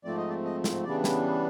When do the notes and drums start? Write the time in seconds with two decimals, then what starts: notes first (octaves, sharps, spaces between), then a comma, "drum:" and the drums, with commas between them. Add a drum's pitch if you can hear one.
0.04 G#2 F3 A3 C4 D5
0.17 D#5
0.29 D5
0.44 D#5
0.64 drum: snare
0.84 C#3 E3 G3 B3 D4 D5
1.04 drum: snare